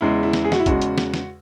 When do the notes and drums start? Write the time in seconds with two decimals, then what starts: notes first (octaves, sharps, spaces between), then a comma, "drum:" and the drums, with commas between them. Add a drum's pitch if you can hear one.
0.01 E2 C#3 G#3 E4
0.23 E4
0.33 drum: snare
0.44 G#4
0.52 F#4, drum: snare
0.60 E4
0.66 E2 C#3 G#3 F#4, drum: kick, hi-hat
0.82 drum: hi-hat
0.98 drum: snare
1.14 drum: snare